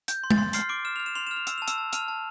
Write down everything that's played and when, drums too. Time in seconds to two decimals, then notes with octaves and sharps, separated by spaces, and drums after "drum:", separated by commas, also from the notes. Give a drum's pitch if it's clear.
0.08 G6, drum: hi-hat
0.24 C6
0.31 A6, drum: tom G#3
0.38 C6
0.53 C6 F6 C7, drum: hi-hat
0.69 C6 D6 D7
0.85 F6 E7
0.96 F6 F7
1.06 E7
1.15 C6 F7
1.27 F6 E7
1.36 F7
1.47 E6 E7, drum: hi-hat
1.58 A5 F7
1.68 E6 E7, drum: hi-hat
1.78 A5
1.93 A5 F6 F7, drum: hi-hat
2.08 A5